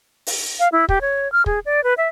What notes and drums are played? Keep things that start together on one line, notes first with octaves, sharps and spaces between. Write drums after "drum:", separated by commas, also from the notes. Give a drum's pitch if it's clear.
drum: open hi-hat
F5
E4
G4, drum: kick
C#5
F6
G#4, drum: kick
D5
B4
E5